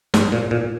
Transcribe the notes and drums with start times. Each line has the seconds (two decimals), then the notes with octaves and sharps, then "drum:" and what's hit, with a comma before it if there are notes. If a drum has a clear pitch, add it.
0.14 G#2, drum: snare
0.32 A#2
0.51 A#2